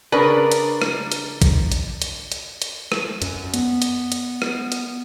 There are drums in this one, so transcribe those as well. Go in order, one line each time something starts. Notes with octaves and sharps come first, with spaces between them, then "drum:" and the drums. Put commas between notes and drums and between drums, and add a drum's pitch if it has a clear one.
C#3 D4 A#4 B4
drum: hi-hat
drum: rim click
drum: hi-hat
drum: kick, hi-hat
drum: hi-hat
drum: hi-hat
drum: hi-hat
drum: hi-hat
drum: rim click
F#2, drum: hi-hat
B3, drum: hi-hat
drum: hi-hat
drum: hi-hat
drum: rim click
drum: hi-hat